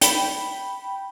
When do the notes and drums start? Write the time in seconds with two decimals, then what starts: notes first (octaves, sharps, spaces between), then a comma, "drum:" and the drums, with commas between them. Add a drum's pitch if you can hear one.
0.01 G5 B5, drum: hi-hat